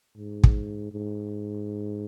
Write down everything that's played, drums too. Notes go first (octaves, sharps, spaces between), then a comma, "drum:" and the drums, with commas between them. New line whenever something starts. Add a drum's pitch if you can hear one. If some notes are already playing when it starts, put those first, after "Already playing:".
G#2
drum: kick
G#2